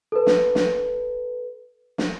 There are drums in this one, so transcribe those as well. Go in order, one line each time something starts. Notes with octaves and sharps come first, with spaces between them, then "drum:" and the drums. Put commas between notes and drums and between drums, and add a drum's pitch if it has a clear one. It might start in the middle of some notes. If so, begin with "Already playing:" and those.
A4 B4
drum: snare
drum: snare
drum: snare